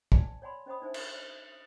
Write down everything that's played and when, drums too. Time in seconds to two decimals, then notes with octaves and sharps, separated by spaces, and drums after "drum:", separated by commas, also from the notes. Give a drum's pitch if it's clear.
0.12 D5 G#5 A5, drum: kick
0.42 C#5 D5 F#5 G#5 B5 C6
0.66 C#4 C5 D#5 F#5 B5 D#6
0.82 D4 D#4 C5 E5 G#5
0.94 drum: cymbal